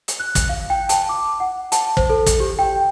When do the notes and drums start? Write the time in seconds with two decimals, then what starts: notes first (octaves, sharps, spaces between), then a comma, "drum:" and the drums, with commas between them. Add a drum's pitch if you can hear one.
0.08 drum: hi-hat
0.20 F#6
0.35 drum: kick, hi-hat
0.49 F5
0.70 G5
0.89 A5, drum: hi-hat
1.09 D6
1.40 F#5
1.72 A5, drum: hi-hat
1.97 C5, drum: kick
2.10 A4
2.26 drum: kick, hi-hat
2.40 G4
2.59 G5